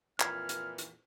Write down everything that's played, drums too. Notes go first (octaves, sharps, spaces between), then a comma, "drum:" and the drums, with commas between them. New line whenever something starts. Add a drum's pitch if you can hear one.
F2 A#2 E3 B5 F6 G#6 B6, drum: clap
drum: hi-hat
drum: hi-hat